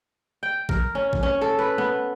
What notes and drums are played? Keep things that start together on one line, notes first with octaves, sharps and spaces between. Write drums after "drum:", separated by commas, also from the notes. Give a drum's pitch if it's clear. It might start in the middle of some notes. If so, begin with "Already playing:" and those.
G5
A#4, drum: kick A1
C#4
drum: kick A1
C#4
A4
B4
B3